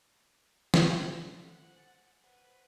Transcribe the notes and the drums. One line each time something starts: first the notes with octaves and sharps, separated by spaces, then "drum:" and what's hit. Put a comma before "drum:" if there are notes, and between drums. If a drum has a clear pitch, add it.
drum: snare
A3 A4 B6
C5 F#5
G#5 A6 C#7
B4 C5 F#5